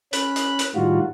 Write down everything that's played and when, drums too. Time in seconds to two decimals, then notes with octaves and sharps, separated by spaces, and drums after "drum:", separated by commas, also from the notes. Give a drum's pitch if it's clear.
0.13 C#4 B5 F#6, drum: hi-hat
0.36 drum: hi-hat
0.59 drum: hi-hat
0.75 A2 D#3 G3 F4 F#4